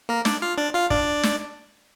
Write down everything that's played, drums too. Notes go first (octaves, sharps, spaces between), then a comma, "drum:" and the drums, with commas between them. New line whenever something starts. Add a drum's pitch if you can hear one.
A#3 A#4
D4 D5, drum: snare
F4 F5
D4 D5
F4 F5
D4 D5, drum: kick
drum: snare